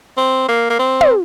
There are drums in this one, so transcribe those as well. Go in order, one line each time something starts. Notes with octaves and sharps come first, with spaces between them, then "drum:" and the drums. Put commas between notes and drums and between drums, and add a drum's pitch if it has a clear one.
C4
A#3
A#3
C4
drum: tom